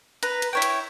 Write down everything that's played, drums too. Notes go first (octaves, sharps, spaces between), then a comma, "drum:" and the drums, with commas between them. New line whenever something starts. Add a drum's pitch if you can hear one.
B4 A#5, drum: hi-hat
drum: hi-hat
E4 C#5 G5
drum: hi-hat